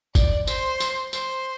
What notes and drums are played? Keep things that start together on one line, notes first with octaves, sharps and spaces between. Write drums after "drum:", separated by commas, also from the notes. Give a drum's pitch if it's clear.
D5, drum: kick, tambourine
C5, drum: tambourine
drum: tambourine
C5, drum: tambourine